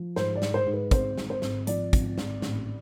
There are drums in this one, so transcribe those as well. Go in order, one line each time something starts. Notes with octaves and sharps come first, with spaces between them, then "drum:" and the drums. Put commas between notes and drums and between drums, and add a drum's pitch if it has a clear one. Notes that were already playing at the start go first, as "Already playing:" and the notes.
Already playing: F3
G#2 C5, drum: snare
D5
G#2, drum: snare
C5
G#2
B4
G#1 C5, drum: kick, hi-hat
G#2, drum: snare
C5
G#1, drum: snare
F3 D5, drum: hi-hat
G#1, drum: kick, hi-hat
G#1, drum: snare
A1, drum: snare